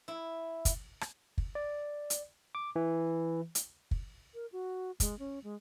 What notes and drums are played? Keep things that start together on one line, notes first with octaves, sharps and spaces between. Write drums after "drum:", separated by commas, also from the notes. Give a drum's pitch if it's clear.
E4
drum: kick, hi-hat
drum: rim click
drum: kick
D5
drum: hi-hat
D6
E3
drum: hi-hat
drum: kick
A#4
F#4
G#3, drum: kick, hi-hat
C#4
G#3